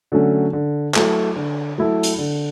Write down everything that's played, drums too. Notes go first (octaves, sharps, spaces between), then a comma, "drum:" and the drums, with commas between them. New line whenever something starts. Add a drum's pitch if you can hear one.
D3 F#3 A3 C#4
D3
F#3 A3 E4 A4, drum: clap
D3
F#3 A3 E4 A4
drum: hi-hat
D3